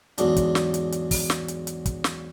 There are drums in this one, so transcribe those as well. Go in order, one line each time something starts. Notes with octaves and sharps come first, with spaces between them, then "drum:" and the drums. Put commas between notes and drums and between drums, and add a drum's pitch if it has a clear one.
E2 G#2 F#3 D4, drum: hi-hat
drum: kick, hi-hat
drum: snare
drum: hi-hat
drum: hi-hat
drum: kick, open hi-hat
drum: snare
drum: hi-hat
drum: hi-hat
drum: kick, hi-hat
drum: snare